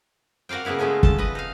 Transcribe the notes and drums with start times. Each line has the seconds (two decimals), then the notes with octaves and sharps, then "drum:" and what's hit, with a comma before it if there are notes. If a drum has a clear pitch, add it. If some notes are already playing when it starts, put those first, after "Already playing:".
0.49 F#4 A#4 D5 F5 G5
0.65 C#3 A#3 B3 E4 D5
0.79 G#3 A3 C#4 F4 A4
1.03 A4 A5, drum: kick F#1
1.18 B4 D#5
1.35 D#4 F5